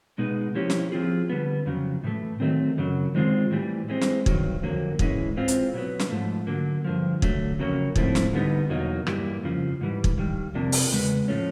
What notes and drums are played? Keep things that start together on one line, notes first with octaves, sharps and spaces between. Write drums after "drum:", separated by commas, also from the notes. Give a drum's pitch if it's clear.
B2 G#3 B3 D#4 G#4
F3 A#3 C#4 E4 G4
drum: snare
F3 G#3 C4 F4 G#4
D3 G3 B3
F2 C#3 F#3
A2 E3 A3
D#3 F#3 A3 C4
F#2 C#3 F#3
D#3 G#3 C4 F4 G#4
A2 E3 G3
E3 G#3 C4
drum: snare
G2 D#3 F#3, drum: kick
F2 D3 F#3 A#3
G#2 E3 G#3 C#4 E4, drum: kick
E3 G#3 C4 F4
drum: hi-hat
B2 F#3 B3
drum: snare
G#2 F3 A3
D3 F#3 A#3
G2 D3 F3
D3 F#3 A3, drum: kick
F2 C#3 F#3 A#3 C#4
G#2 F3 A3 C4 E4, drum: kick
drum: snare
D3 G3 B3 D#4
E2 B2 F#3 A#3 D#4
G2 E3 G3 A#3, drum: rim click
F2 C#3 F3
G#2 E3 G3
drum: kick
G2 D#3 G3
F2 C3 F3 A#3 D4
drum: open hi-hat
E2 C#3 G#3 B3
A2 F3 A3 C#4